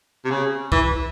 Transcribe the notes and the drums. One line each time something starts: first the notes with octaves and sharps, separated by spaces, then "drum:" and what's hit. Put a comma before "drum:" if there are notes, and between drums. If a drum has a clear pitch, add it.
C3
C#3
E3, drum: kick